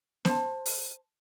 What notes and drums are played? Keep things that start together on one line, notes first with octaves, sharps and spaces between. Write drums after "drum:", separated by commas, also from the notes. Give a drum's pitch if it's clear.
C5 A5, drum: snare B3
drum: open hi-hat